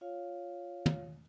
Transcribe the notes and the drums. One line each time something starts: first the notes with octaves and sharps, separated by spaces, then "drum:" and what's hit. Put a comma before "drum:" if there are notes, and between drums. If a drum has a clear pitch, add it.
F4 C#5 F5
drum: tom